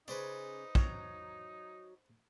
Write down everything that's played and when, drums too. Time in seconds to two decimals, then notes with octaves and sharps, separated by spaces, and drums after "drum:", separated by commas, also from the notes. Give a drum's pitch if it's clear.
0.08 C#3 D#4 B4 C5 D5
0.75 F#3 A#5, drum: kick